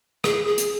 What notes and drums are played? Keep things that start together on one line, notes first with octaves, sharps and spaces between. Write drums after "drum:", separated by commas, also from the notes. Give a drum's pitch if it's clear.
G#4, drum: rim click
G#4
drum: hi-hat